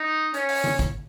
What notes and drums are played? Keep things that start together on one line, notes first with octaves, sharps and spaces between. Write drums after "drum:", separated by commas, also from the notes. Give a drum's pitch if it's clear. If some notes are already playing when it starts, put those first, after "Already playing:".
Already playing: D#4
C#4, drum: hi-hat
drum: open hi-hat
drum: tom D3
drum: kick, hi-hat